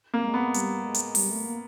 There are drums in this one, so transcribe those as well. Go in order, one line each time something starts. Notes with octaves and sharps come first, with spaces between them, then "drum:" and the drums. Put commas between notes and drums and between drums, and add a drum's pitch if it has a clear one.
A#3
G#3
B3
G3, drum: hi-hat
G#3
drum: hi-hat
G3, drum: open hi-hat
A3
A#3